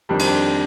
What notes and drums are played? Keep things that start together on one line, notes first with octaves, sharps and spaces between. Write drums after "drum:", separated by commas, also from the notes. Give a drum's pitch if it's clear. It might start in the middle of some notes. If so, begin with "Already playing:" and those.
F2 D#3 G3 D4
C4, drum: cymbal
D4